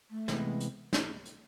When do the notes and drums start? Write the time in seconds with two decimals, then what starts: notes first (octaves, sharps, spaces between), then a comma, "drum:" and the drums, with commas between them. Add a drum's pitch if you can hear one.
0.11 A3
0.28 C3 E3 G#3 B3, drum: snare
0.60 drum: hi-hat
0.93 drum: snare
1.25 drum: hi-hat